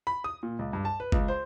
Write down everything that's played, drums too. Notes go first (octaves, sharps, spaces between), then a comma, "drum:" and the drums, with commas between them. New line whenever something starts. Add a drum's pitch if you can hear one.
B5
D#6
A#2
C#2
G2
A5
B4
C#2, drum: kick
C5